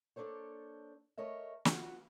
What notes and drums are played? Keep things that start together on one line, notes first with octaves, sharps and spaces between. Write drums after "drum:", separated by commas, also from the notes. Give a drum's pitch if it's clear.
A#3 D4 A4 C5 C#5
A3 A#4 C#5 D#5 E5
B3 F4 F#4, drum: snare